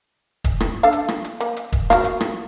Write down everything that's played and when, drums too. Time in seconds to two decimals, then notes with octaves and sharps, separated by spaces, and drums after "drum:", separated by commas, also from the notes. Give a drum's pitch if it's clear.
0.44 drum: kick E1, hi-hat
0.60 drum: rim click
0.83 D4 A4 F5
0.92 drum: hi-hat
1.08 drum: rim click
1.24 drum: hi-hat
1.40 A#3, drum: hi-hat
1.56 drum: hi-hat
1.72 drum: kick E1, hi-hat
1.90 F#4 A#4 F5, drum: rim click
2.04 drum: hi-hat
2.20 drum: rim click